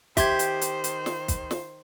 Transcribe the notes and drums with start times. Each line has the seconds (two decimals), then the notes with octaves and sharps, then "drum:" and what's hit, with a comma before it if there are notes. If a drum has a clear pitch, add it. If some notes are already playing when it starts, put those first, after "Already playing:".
0.17 D#3 G4 C5 E5 C6 G#6, drum: kick, hi-hat
0.39 drum: hi-hat
0.61 drum: hi-hat
0.84 drum: hi-hat
1.06 drum: snare
1.28 drum: kick, hi-hat
1.51 drum: snare